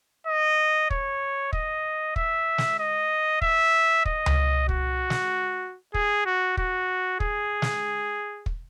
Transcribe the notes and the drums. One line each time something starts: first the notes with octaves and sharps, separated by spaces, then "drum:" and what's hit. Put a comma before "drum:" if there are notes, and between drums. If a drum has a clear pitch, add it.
D#5
C#5, drum: kick
D#5, drum: kick
E5, drum: kick
drum: snare
D#5
E5, drum: kick
D#5, drum: kick
drum: tom C#2
F#4, drum: kick
drum: snare
G#4, drum: kick
F#4
F#4, drum: kick
G#4, drum: kick
drum: snare
drum: kick